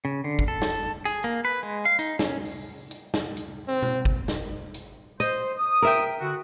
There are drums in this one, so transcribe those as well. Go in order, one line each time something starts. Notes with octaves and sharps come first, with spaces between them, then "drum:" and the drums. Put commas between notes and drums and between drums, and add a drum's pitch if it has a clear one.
C#3
D3
drum: kick
A4
drum: snare
G#4, drum: hi-hat
A#3
B4
G#3
F5
D#4, drum: hi-hat
C#4, drum: snare
drum: open hi-hat
drum: hi-hat
drum: snare
drum: hi-hat
C4
drum: tom B2
drum: kick
drum: snare
drum: hi-hat
C5 D#5, drum: hi-hat
D#6
A#4 E5 G5
D3 F#4